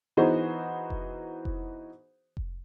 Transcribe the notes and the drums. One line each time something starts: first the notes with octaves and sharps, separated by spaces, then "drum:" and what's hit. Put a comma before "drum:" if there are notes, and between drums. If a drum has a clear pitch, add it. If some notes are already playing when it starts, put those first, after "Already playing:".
E3 B3 D#4 F#4 G#4 C5
drum: kick F1
drum: kick F1
drum: kick F1